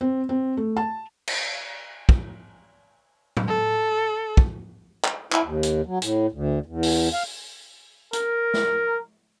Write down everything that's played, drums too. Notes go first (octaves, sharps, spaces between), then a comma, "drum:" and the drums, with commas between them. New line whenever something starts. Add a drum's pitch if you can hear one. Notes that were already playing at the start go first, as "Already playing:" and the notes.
C4
C4
A3
A5
drum: cymbal
drum: kick
drum: tom
A4
drum: kick
drum: clap
E4, drum: clap
D#2
drum: hi-hat
F#3
A2, drum: hi-hat
D2
E2
drum: open hi-hat
F5
A#4, drum: hi-hat
drum: snare